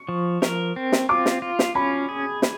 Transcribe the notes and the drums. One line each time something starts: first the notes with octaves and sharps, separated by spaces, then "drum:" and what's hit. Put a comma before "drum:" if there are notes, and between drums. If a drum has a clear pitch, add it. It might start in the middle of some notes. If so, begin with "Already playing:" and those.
Already playing: C#6
F3
A#4, drum: snare
C4
drum: snare
F4 D6
drum: snare
F4
drum: snare
C#4 B5
G#4
drum: snare